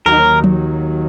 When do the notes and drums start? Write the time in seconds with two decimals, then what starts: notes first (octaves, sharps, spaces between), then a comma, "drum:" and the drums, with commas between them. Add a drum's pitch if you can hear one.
0.06 D#2 D#3 F#3 A#4
0.44 drum: tom F3